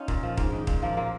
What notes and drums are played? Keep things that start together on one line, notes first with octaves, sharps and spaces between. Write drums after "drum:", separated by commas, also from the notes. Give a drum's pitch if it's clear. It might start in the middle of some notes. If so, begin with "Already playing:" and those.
Already playing: C#4 D#4 F4
A#2, drum: kick D#1
F3
G#2, drum: kick D#1
D#3
A#2, drum: kick D#1
F3 A#3
A#2 A#3